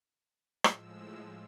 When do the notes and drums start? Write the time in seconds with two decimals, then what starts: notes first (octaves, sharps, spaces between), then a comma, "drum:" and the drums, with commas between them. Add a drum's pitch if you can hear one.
0.64 A2 F3 G#3 E6, drum: rim click